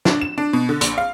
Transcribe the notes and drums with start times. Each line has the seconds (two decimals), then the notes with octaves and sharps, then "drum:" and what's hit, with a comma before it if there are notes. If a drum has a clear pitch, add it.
0.05 D4, drum: snare
0.21 E7
0.38 D4
0.53 B2
0.69 D3
0.81 A#1, drum: hi-hat
0.98 F5